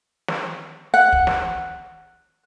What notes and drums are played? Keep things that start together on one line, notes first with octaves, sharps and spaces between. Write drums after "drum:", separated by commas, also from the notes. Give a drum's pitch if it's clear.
drum: snare
F#5
drum: kick
drum: snare